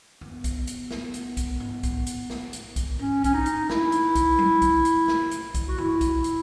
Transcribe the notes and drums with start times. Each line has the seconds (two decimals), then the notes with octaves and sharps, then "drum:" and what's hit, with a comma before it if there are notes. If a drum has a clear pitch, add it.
0.21 B3, drum: tom F2
0.44 drum: kick, hi-hat
0.67 drum: hi-hat
0.91 drum: snare
1.14 drum: hi-hat
1.37 drum: kick, hi-hat
1.60 drum: tom G#2
1.83 drum: kick, hi-hat
2.07 drum: hi-hat
2.30 drum: snare
2.53 drum: hi-hat
2.76 drum: kick, hi-hat
2.99 C#4, drum: tom G#2
3.24 C#4, drum: kick, hi-hat
3.34 D#4
3.46 drum: hi-hat
3.70 E4, drum: snare
3.92 drum: hi-hat
4.15 drum: kick, hi-hat
4.39 drum: tom F#3
4.62 drum: kick, hi-hat
4.85 drum: hi-hat
5.08 drum: snare
5.31 drum: hi-hat
5.55 drum: kick, hi-hat
5.68 F#4
5.78 E4, drum: tom F2
6.01 drum: kick, hi-hat
6.24 drum: hi-hat